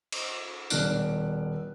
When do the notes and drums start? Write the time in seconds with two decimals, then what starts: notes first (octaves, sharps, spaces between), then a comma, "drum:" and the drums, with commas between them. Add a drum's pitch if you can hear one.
0.12 drum: cymbal
0.70 D#1 B2 D4 F6 F#6 D7, drum: tambourine